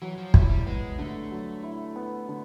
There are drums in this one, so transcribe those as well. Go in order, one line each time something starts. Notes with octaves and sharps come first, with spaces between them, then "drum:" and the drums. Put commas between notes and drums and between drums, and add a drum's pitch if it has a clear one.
E3 F#3
F3
G3 E4, drum: kick
G3
G#3 B3
D3 A3
F#3
E4
B3
D3